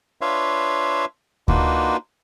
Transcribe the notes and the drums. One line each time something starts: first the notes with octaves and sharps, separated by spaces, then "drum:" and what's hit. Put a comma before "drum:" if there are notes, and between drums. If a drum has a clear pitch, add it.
D4 F4 B4 C#5 E5 F5
A#3 D4 D#4 F4 F#4 B4, drum: kick D2